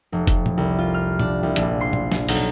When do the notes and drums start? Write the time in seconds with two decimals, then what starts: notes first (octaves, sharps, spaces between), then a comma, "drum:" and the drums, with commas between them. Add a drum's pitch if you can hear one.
0.12 F1
0.27 drum: kick, hi-hat
0.46 drum: tom A#2
0.57 C2
0.78 F4
0.94 F6
1.19 D4, drum: tom A#2
1.43 C2
1.56 A#1, drum: hi-hat
1.81 C6
1.93 drum: tom A#2
2.12 drum: snare
2.29 B1, drum: open hi-hat